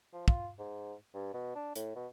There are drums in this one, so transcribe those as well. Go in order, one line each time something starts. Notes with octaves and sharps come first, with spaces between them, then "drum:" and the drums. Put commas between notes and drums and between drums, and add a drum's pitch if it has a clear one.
F3
F4, drum: kick
G#2
G2
B2
D4
A2, drum: hi-hat
B2